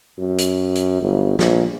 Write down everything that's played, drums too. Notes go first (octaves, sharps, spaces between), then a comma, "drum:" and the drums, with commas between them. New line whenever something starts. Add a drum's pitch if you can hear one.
F#2
drum: hi-hat
drum: hi-hat
G1
A#1, drum: snare